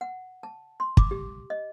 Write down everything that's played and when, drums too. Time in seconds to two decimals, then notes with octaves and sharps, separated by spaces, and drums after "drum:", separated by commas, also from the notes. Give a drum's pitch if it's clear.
0.01 F#5
0.43 A5
0.80 C6
0.97 D6, drum: kick
1.11 G4
1.50 D#5